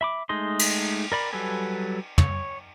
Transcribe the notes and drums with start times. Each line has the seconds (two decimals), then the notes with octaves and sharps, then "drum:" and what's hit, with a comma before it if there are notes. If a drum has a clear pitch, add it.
0.01 E5 B5 D6
0.29 G#3 A3 D#4 D#5 C6
0.59 drum: cymbal
1.12 A#4 D5 B5
1.33 F#3 G3 A4 B4 G#5
2.18 C#5, drum: tom